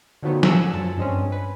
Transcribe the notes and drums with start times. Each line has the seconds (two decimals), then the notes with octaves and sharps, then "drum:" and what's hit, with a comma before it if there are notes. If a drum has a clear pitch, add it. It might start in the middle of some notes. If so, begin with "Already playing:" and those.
0.22 D3 D#3 F3 F#3 A3 B3
0.43 F#5 G#5 E6 F#6, drum: snare
0.73 F#2 F3 A5
0.97 G2 G#3 C4 C#4
1.32 B4